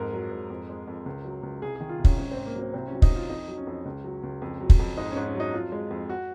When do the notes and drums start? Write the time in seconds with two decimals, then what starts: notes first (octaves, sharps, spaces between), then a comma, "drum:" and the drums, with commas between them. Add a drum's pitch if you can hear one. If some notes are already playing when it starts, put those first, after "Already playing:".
Already playing: F2 G#2 A#4
0.13 F#3
0.31 G#2
0.50 F2
0.69 G#3
0.87 F2
1.06 C#2
1.24 F#3
1.43 C#2
1.62 C2 G#4
1.76 D#3 G#4
1.89 F4
1.99 C2
2.04 C#4, drum: kick
2.18 G#2 C#4
2.31 C4
2.37 G#2
2.46 A#3
2.55 F#3 C4
2.74 C2 C4
2.87 F#3 C#4
3.02 D#4, drum: kick
3.11 C2
3.16 F4
3.29 F2 D#4
3.48 F#3
3.58 C#4
3.67 F2
3.85 C#2
4.04 F#3
4.23 C#2
4.42 F2
4.60 F#3
4.70 drum: kick
4.79 F2
4.97 G#2 D#4
5.11 C#4
5.16 G#2
5.26 C#4
5.35 F#3 D#4
5.53 F2 F4
5.72 G#3
5.91 F2
6.09 F#4